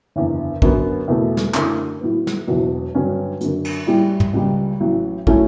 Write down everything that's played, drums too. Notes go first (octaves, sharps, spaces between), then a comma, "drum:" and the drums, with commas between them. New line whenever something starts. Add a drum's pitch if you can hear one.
F#1 E2 D3
F#2 D3 F#3 B3, drum: kick
E2 B2 A3
drum: snare
F#2 D3 A3 E4, drum: clap
A2 F#3 B3
drum: snare
E1 E2 B2 F#3
G2 D3 F#3 C#4
F#2 D3 F#3, drum: hi-hat
drum: cymbal
A2 G3 C#4 E4
drum: tom
C#2 C#3 G3
A1 A2 F#3
A2 F#3 A3 C#4, drum: kick